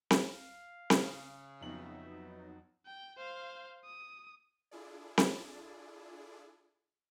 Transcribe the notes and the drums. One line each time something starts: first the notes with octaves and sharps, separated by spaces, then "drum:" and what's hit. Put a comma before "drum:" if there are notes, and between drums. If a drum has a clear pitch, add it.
drum: snare C4
F5
C#3, drum: snare C4
F2 F#3 B3 D#4 E5 A#5 F#7
G5
C5 F5
D#6
D4 E4 F4 G#4 A4 D5
drum: snare C4